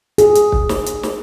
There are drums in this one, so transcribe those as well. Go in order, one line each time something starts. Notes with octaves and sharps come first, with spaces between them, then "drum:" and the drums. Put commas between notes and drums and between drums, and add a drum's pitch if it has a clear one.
G#4, drum: hi-hat
drum: hi-hat
drum: kick
drum: snare
drum: hi-hat
drum: snare